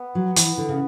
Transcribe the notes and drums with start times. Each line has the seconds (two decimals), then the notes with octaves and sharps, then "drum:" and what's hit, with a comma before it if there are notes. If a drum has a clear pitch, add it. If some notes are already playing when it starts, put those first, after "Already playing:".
Already playing: B3
0.15 F#3
0.36 E3, drum: hi-hat
0.58 D3
0.69 C#3